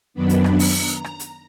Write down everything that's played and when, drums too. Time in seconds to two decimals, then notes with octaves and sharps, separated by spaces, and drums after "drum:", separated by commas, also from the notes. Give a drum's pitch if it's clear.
0.14 F#2 D#3 F#3 B3 D4 B5
0.29 drum: hi-hat
0.44 drum: rim click
0.59 drum: open hi-hat
0.75 A#5
1.04 drum: rim click
1.19 drum: hi-hat